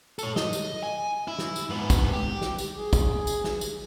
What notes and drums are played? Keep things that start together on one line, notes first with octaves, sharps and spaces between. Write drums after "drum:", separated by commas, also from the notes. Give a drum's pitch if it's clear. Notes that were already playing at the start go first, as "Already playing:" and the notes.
A4 C#5, drum: tambourine
D#5, drum: snare
drum: tambourine
G#5
E4
drum: snare
drum: tambourine
G#2 B3
drum: kick, tambourine
G4
drum: snare
drum: tambourine
G#4
drum: kick, tambourine
drum: tambourine
drum: snare
drum: tambourine